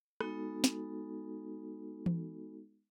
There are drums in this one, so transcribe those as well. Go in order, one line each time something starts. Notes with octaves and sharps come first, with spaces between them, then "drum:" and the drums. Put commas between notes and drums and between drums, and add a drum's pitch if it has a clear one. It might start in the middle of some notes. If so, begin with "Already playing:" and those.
G#3 B3 D#4 F#4 A4, drum: rim click
drum: snare
drum: tom E3